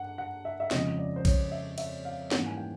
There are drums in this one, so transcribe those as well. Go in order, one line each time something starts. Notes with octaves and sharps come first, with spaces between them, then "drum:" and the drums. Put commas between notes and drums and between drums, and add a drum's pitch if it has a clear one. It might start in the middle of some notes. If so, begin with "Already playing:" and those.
Already playing: G2 F#5
F#5
E5
E5
F2 C#3 F3 G#3 C#4 D#5, drum: snare
D5
C5
C#5, drum: kick, cymbal
E5
E5, drum: cymbal
F5
G#2 E3 G3 A#3 C#4 F#5, drum: snare
G#5
G5